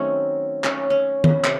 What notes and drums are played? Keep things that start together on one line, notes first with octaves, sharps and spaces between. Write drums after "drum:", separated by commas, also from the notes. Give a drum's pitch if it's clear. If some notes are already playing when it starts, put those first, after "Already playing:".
Already playing: D#3 F#3 A3 C4 C#4
C#4, drum: clap
C#4
drum: tom D#3
C3, drum: clap